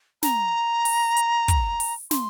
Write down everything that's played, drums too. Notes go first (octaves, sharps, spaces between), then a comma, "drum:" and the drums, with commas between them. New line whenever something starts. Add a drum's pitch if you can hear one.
A#5, drum: snare
drum: open hi-hat
drum: hi-hat
drum: kick, hi-hat
drum: open hi-hat
C6, drum: snare